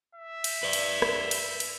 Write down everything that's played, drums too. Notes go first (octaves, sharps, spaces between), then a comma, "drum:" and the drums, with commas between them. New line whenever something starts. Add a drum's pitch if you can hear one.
E5
drum: cymbal
B4 D5
drum: cymbal
drum: rim click
drum: cymbal
drum: cymbal